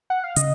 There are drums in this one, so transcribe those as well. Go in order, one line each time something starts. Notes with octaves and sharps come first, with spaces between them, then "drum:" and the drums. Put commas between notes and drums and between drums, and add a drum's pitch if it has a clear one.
F#5
F5
C#3 D#5, drum: hi-hat